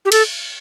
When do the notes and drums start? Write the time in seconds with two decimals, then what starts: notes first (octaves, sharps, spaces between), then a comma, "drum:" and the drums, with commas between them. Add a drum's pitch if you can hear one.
0.05 G4
0.12 A4, drum: cymbal